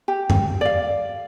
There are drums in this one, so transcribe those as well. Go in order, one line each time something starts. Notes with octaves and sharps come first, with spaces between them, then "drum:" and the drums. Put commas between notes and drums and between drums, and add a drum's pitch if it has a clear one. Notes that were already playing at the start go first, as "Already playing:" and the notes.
G4
drum: tom F#2
D5 F5